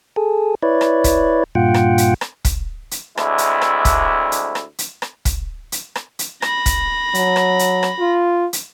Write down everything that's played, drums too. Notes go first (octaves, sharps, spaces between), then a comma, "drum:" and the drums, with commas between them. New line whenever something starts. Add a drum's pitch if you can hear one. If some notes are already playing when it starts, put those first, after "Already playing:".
G#4 A4
E4 B4 C#5 D5
drum: rim click
drum: kick, hi-hat
G2 A#2 F4 F#5 G5
drum: rim click
drum: hi-hat
drum: rim click
drum: kick, hi-hat
drum: hi-hat
D2 G#3 C4 D4 E4, drum: rim click
drum: hi-hat
drum: rim click
drum: kick, hi-hat
drum: hi-hat
drum: rim click
drum: hi-hat
drum: rim click
drum: kick, hi-hat
drum: hi-hat
drum: rim click
drum: hi-hat
B5 A#6, drum: rim click
drum: kick, hi-hat
F#3, drum: hi-hat
drum: rim click
drum: hi-hat
drum: rim click
F4
drum: hi-hat